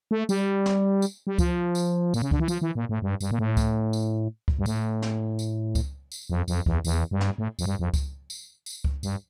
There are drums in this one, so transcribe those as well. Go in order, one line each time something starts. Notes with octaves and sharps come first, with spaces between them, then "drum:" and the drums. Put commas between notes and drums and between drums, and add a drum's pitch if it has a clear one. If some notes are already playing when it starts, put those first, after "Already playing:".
A3
G3, drum: tambourine
drum: snare
drum: tambourine
G3
F3, drum: kick C#2, tambourine
drum: tambourine
A#2, drum: tambourine
C#3
D3, drum: kick C#2
E3
F3, drum: tambourine
E3
A#2
A2
G2
G2, drum: tambourine
A#2
A2
drum: kick C#2, tambourine
drum: tambourine
drum: kick C#2
G2
A2, drum: tambourine
drum: snare
drum: tambourine
drum: kick C#2, tambourine
drum: tambourine
F2
F2, drum: tambourine
E2, drum: kick C#2
E2, drum: tambourine
G2
drum: snare
A2
F2, drum: tambourine
G2
F2
drum: kick C#2, tambourine
drum: tambourine
drum: tambourine
drum: kick C#2
G2, drum: tambourine